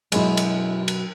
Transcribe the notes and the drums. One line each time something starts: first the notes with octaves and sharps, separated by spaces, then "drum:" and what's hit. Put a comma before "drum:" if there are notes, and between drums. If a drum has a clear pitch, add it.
F#2 B2 G#3 E4, drum: cymbal
drum: cymbal
drum: cymbal